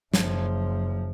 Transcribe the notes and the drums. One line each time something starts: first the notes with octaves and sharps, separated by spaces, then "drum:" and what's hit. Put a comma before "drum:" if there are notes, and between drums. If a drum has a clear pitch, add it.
F#1 F3, drum: snare